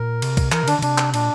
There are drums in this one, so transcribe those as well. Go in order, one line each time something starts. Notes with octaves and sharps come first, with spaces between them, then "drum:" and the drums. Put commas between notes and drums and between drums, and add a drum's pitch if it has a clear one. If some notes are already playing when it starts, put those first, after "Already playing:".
Already playing: A#2 A#4
C3, drum: cymbal
drum: kick C2, cymbal
E3 A#4, drum: clap
C3
D3 D4, drum: cymbal
D3
C3 D4, drum: cymbal
drum: clap
A#2 D4, drum: cymbal